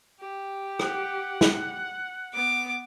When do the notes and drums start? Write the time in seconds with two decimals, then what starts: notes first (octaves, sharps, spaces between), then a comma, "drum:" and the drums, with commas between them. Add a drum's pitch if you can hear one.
0.20 G4
0.79 F#5, drum: rim click
1.41 drum: snare
2.34 B3 D6